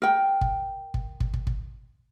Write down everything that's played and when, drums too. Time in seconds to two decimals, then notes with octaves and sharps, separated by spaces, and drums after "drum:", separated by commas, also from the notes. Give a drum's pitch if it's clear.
0.02 A#4 G5
0.41 drum: kick
0.94 drum: kick
1.20 drum: kick
1.34 drum: kick
1.47 drum: kick